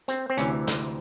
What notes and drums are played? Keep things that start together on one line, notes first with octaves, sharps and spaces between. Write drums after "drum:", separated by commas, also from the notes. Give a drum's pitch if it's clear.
C4, drum: hi-hat
C4
D2 C3 E3 C#4, drum: hi-hat
drum: snare